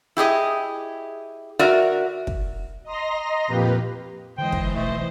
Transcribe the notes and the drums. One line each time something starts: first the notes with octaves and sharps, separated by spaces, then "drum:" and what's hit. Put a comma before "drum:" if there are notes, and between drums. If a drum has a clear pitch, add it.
E4 G4 G#4 D#5
F#4 A#4 D5 E5
drum: kick
D#5 A#5 C6 A#6
F2 A#2 F4 G4 B4
D3 E3 G#3 C5 D#5 G5
drum: kick
C2 B2 A3 C5 D#5